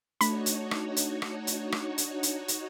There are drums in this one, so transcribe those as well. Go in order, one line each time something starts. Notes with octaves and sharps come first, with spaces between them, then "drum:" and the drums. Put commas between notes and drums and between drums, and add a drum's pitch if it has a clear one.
A3 D4 D#4 F#4 C#5 B5, drum: hi-hat
drum: hi-hat
drum: rim click
drum: hi-hat
drum: rim click
drum: hi-hat
drum: rim click
drum: hi-hat
drum: hi-hat
drum: hi-hat